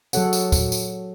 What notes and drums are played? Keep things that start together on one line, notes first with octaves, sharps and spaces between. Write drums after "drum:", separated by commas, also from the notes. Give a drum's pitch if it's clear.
F#3 F#4 G#4 A4 C#5 F#5, drum: tambourine
drum: tambourine
drum: kick, tambourine
drum: tambourine